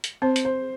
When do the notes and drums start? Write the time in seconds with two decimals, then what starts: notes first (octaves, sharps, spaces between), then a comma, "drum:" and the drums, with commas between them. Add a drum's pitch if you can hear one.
0.04 drum: hi-hat
0.22 C4 C5
0.36 drum: hi-hat
0.45 C5